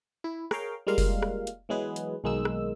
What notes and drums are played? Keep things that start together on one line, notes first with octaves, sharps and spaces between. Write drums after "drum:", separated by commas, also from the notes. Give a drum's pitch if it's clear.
E4
G#4 A#4 C#5 F5 G5, drum: rim click
G3 G#3 A#3 F4 A#4 F5
drum: kick F1, open hi-hat
drum: rim click
drum: hi-hat
E3 F#3 G#3 B3 G#4 B4
drum: hi-hat
B1 D#3 G#3 A#3 D#4 E6
drum: rim click